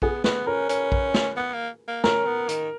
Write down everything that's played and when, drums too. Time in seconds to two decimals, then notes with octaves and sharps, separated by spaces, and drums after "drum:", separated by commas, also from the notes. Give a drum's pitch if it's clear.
0.02 B3 G#4, drum: kick A#1
0.24 B3 B4, drum: snare
0.47 C#4 A#4
0.69 C#4, drum: hi-hat
0.92 drum: kick A#1
1.14 drum: snare
1.37 B3
1.53 A#3
1.88 A#3
2.04 C#4 A#4, drum: snare
2.26 B3
2.49 D#3, drum: hi-hat